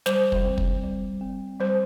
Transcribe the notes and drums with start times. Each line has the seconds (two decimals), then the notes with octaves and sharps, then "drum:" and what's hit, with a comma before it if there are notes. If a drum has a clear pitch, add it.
0.06 G3 C5, drum: snare
0.32 drum: kick
0.44 C4
0.58 drum: kick
0.84 G3
1.21 C4
1.60 G3 C5